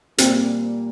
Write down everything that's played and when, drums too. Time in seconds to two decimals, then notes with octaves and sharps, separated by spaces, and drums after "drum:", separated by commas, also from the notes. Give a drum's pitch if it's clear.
0.18 A#2 G3 A#3 C4, drum: hi-hat